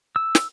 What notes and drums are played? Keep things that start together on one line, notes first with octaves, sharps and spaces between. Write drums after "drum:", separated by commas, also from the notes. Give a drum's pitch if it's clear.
E6
drum: snare